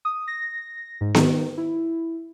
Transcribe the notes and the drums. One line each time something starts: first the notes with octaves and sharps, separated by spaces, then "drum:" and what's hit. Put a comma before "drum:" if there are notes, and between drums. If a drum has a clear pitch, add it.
D#6
A#6
G#2
D#3, drum: snare B3
E4